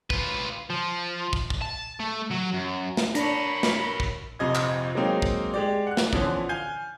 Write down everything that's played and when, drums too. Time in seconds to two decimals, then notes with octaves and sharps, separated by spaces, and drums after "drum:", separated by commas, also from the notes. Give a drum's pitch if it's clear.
0.10 F4 B4, drum: kick
0.70 F3
1.33 drum: kick
1.50 drum: kick
1.62 A5
2.00 A3
2.31 F#3
2.54 F#2
2.97 drum: snare
3.15 D4 A#4 C#5 B5, drum: hi-hat
3.63 drum: snare
4.00 drum: kick
4.39 A#1 F2 C3 D#5 G#6
4.55 drum: clap
4.95 F#3 G#3 A#3 C4 D#4
5.22 drum: kick
5.54 G#3 G4 D5
5.87 F#5 F#6
5.97 drum: snare
6.13 D3 E3 F3 B3 C#4, drum: kick
6.49 F5 G#5 G6